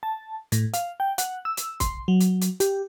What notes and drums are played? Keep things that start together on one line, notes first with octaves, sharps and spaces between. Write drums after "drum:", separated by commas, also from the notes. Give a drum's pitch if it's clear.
A5
A2, drum: hi-hat
F5, drum: hi-hat
G5
F#5, drum: hi-hat
E6
drum: hi-hat
C6, drum: kick, hi-hat
F#3
drum: hi-hat
drum: hi-hat
G4, drum: hi-hat